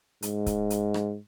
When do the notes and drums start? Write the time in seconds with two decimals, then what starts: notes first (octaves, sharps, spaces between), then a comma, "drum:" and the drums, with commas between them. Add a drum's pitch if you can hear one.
0.22 G#2, drum: hi-hat
0.46 drum: kick C#1, hi-hat
0.70 drum: hi-hat
0.94 drum: rim click